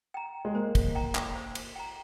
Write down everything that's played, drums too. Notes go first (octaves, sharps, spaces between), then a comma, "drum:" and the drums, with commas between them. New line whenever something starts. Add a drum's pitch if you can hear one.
G5 A#5
G#3
A#3 C5
drum: kick, cymbal
G5 A#5
drum: clap
C5
drum: cymbal
G5 A#5